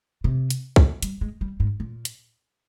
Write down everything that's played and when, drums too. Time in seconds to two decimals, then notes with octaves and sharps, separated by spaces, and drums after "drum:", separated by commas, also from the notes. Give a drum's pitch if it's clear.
0.24 C3
0.50 drum: hi-hat
0.76 drum: kick
1.03 G3, drum: hi-hat
1.21 G#3
1.41 G3
1.60 G#2
1.80 A#2
2.05 drum: hi-hat